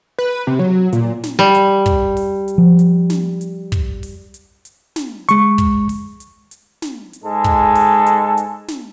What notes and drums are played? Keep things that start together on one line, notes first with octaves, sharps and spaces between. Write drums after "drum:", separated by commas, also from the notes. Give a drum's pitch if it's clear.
B4
C3
F#3
A#2, drum: hi-hat
drum: snare
G3
drum: hi-hat
drum: kick, hi-hat
drum: open hi-hat
drum: hi-hat
F3
drum: hi-hat
drum: snare
drum: hi-hat
drum: kick, hi-hat
drum: open hi-hat
drum: hi-hat
drum: hi-hat
drum: snare
G#3 C#6, drum: hi-hat
drum: kick, hi-hat
drum: open hi-hat
drum: hi-hat
drum: hi-hat
drum: snare
drum: hi-hat
G#2 G#3 A4
drum: kick, hi-hat
drum: open hi-hat
drum: hi-hat
drum: hi-hat
drum: snare